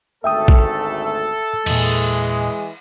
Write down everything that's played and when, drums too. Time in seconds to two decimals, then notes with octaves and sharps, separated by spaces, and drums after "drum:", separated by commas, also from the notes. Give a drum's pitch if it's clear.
0.24 G#1 D2 A3 A4 E5 G5 D#6
0.48 drum: kick A#1
1.66 E2 A#2 E3 G#3, drum: cymbal